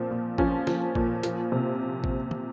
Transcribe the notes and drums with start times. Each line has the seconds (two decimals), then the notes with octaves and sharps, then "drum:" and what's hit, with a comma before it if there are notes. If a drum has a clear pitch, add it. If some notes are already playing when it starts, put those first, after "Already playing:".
Already playing: A#2 F3 C4
0.11 A#2
0.38 F3 C#4, drum: kick A1
0.67 F3, drum: snare
0.95 A#2, drum: kick A1
1.23 F3, drum: hi-hat
1.52 C3
2.04 drum: kick A1
2.31 drum: tom